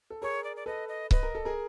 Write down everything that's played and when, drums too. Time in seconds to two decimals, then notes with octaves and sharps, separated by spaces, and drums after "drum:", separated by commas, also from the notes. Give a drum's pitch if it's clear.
0.10 A4
0.22 G#4 A#4 C#5
0.44 D5
0.56 D5
0.66 A4 B4 D#5
0.89 D#5
1.11 B4 D#5, drum: kick C#1
1.23 A#4
1.35 A4
1.45 G#4 A#4